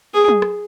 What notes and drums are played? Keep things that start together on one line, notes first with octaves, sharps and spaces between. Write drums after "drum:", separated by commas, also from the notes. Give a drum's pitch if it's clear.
G#4
drum: tom
drum: rim click